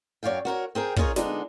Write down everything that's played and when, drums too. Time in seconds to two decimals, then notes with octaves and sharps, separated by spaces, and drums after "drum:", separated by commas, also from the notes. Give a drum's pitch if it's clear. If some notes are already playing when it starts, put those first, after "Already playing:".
0.23 F#2 C#5 D5 F5 G5
0.45 F#4 A#4 C5 C#5
0.75 C4 G#4 A#4 G5
0.96 C#4 D#4 F4 G#4 A#4 C#5, drum: kick
1.16 D3 F3 G#3 B3 D4 D#4, drum: snare